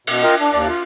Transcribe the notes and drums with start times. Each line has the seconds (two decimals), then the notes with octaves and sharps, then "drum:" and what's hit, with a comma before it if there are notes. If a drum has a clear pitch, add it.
0.07 B2, drum: cymbal
0.23 F4 A#4 D#5 G5
0.40 D4
0.53 D#2 D4 D5
0.69 F4